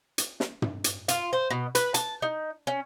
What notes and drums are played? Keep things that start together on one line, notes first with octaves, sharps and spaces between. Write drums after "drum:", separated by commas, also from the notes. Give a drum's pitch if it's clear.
drum: hi-hat
drum: snare
drum: tom
drum: hi-hat
F4, drum: hi-hat
C5
B2
B4, drum: hi-hat
A5, drum: hi-hat
D#4
C#4